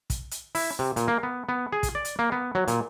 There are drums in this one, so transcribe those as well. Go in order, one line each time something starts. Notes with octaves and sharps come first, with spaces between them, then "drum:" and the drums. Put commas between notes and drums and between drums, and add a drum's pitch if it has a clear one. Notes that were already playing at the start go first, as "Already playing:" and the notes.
drum: kick, hi-hat
drum: hi-hat
E4, drum: open hi-hat
C3
A#2, drum: hi-hat
A#3
B3
B3
G#4
drum: kick, hi-hat
D5
drum: hi-hat
A#3
B3
F#3
A#2, drum: hi-hat